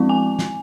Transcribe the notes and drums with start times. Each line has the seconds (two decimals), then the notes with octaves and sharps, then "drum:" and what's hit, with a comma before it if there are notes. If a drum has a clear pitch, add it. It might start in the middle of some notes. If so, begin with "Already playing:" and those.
Already playing: F3 G#3 C4 E4
0.09 G#5
0.39 drum: snare